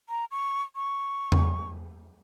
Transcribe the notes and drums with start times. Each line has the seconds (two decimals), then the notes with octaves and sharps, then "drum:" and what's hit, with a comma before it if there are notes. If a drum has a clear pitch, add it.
0.09 A#5
0.31 C#6
0.75 C#6
1.32 drum: tom E2